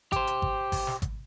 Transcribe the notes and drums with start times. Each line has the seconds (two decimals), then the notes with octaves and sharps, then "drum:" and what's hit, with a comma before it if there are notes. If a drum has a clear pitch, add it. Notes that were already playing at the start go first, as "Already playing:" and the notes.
0.12 G4 C5, drum: kick G#1, hi-hat
0.27 drum: hi-hat
0.42 drum: kick G#1
0.72 drum: kick G#1, open hi-hat
0.87 drum: snare
1.02 drum: kick G#1, hi-hat